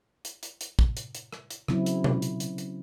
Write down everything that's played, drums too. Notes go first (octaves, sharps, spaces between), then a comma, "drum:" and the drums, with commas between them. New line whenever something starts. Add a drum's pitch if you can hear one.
drum: hi-hat
drum: hi-hat
drum: hi-hat
drum: kick
drum: hi-hat
drum: hi-hat
drum: rim click
drum: hi-hat
C#3 F#3 C4 E4, drum: rim click
drum: hi-hat
drum: tom B2
drum: hi-hat
drum: hi-hat
drum: hi-hat